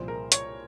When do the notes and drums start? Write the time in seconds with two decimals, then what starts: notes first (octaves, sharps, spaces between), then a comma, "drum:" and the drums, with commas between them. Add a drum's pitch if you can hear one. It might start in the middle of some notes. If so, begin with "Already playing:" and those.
Already playing: C2 A#2 F3 C5
0.08 A#4
0.32 C#5, drum: hi-hat